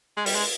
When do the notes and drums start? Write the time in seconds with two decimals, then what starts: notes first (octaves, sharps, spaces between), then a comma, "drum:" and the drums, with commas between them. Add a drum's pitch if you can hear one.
0.17 G#3
0.26 G3, drum: open hi-hat
0.35 G#3